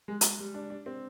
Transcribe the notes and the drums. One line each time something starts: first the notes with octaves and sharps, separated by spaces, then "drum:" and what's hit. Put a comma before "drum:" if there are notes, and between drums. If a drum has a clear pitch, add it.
G#3
drum: hi-hat
G3
D4
D4
C4